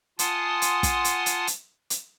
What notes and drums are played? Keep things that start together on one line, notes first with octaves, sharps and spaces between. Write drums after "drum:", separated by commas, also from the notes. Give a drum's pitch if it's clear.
F4 F#5 G#5 A5 C6 D#6, drum: hi-hat
drum: hi-hat
drum: kick, hi-hat
drum: hi-hat
drum: hi-hat
drum: hi-hat
drum: hi-hat